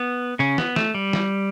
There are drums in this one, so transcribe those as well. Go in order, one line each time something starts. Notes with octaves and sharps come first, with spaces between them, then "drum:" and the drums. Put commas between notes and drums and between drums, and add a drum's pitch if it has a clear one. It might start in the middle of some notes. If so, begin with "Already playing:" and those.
Already playing: B3
C#3 C#4
B3, drum: snare
A3, drum: snare
G3
drum: snare